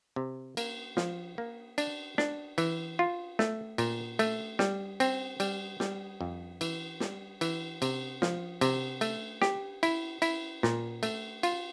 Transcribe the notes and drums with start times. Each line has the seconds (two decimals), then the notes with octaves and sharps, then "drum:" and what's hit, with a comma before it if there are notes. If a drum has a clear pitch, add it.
0.16 C3
0.57 A#3, drum: cymbal
0.97 F3, drum: snare
1.38 A#3
1.78 D4, drum: cymbal
2.18 D4, drum: snare
2.58 E3, drum: cymbal
2.99 F4
3.39 A3, drum: snare
3.78 A#2, drum: cymbal
4.19 A3, drum: cymbal
4.59 G3, drum: snare
5.00 C4, drum: cymbal
5.40 G3, drum: cymbal
5.80 G3, drum: snare
6.21 F2
6.61 E3, drum: cymbal
7.00 G3, drum: snare
7.41 E3, drum: cymbal
7.82 C3, drum: cymbal
8.22 F3, drum: snare
8.61 C3, drum: cymbal
9.01 A3, drum: cymbal
9.42 G4, drum: snare
9.83 E4, drum: cymbal
10.22 E4, drum: cymbal
10.63 A#2, drum: snare
11.03 A3, drum: cymbal
11.43 F4, drum: cymbal